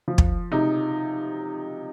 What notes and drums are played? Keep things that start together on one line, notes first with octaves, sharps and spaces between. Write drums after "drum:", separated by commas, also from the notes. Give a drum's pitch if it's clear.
F3
drum: kick
C3 D#4